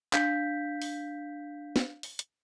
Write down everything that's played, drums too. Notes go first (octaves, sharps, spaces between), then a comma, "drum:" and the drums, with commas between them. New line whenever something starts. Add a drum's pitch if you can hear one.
D4 F5 G6 B6, drum: clap
drum: open hi-hat
drum: snare
drum: open hi-hat
drum: hi-hat